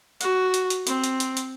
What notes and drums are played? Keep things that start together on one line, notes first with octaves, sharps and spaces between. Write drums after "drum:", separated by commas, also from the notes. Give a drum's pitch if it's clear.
F#4, drum: hi-hat
drum: hi-hat
drum: hi-hat
C4, drum: hi-hat
drum: hi-hat
drum: hi-hat
drum: hi-hat